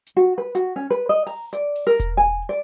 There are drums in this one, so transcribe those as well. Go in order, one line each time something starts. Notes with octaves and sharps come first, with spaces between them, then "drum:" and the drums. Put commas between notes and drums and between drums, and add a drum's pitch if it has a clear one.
drum: hi-hat
F#4
B4
F#4, drum: hi-hat
C#4
B4
D#5
A#5, drum: open hi-hat
D5, drum: hi-hat
drum: open hi-hat
A#4
drum: kick E1, hi-hat
G#5
D5